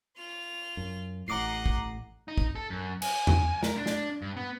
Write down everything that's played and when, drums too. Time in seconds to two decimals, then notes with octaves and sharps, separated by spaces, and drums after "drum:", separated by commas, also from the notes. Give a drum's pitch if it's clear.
0.17 F4 F7
0.77 F#2
1.28 A1 A2 D#5 F#5 A#5 D6 C7
1.66 drum: kick
2.28 D#4
2.38 drum: kick
2.55 A4
2.70 F#2
3.02 G#5, drum: cymbal
3.27 drum: tom E2
3.63 A#4, drum: snare
3.76 D4
3.86 drum: snare
4.22 G2
4.37 B3